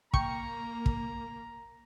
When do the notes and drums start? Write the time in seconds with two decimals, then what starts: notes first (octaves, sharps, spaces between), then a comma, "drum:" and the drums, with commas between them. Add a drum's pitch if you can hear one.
0.14 A#3 G5 A#5 C#6 C#7, drum: kick
0.86 drum: kick